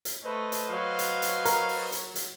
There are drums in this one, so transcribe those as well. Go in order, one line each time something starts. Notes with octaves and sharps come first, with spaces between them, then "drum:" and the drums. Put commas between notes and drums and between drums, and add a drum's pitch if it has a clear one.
drum: hi-hat
A3 B4 C5 D#5
drum: hi-hat
F#3 F5
drum: hi-hat
drum: hi-hat
A#4, drum: hi-hat
drum: open hi-hat
drum: hi-hat
drum: hi-hat